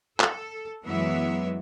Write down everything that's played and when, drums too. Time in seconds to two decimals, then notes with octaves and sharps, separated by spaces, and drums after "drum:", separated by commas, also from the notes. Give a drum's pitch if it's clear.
0.20 A4, drum: clap
0.85 F#2 E3 F#3 G#3 B3 E5